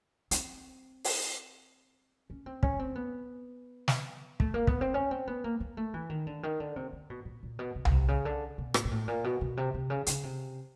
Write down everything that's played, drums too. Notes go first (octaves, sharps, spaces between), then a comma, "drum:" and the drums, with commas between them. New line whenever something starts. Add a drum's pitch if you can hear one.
C4, drum: hi-hat
drum: open hi-hat
C#4
C4
C#4, drum: kick
C4
B3
drum: snare
A3, drum: kick
A#3
B3, drum: kick
C4
C#4
C4
B3
A#3
A#3
A3
E3
D#3
D3
D#3
D3
C3
D3
B2
A#2
A#2
B2
B2
C#3, drum: tom C2
C3
C#3
D3
B2
A#2, drum: rim click
A#2
A2
A#2
B2
B2
C3
C3
C#3
C#3, drum: hi-hat
C3